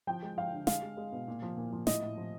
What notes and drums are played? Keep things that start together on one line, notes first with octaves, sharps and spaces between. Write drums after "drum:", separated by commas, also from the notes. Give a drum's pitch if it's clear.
F3 G5
G#3
F3 F5
D3
G#3 F5, drum: snare
G#3
G#3
B2
A#2
F3
A#2
F3
A2 D#5, drum: snare
A2
F3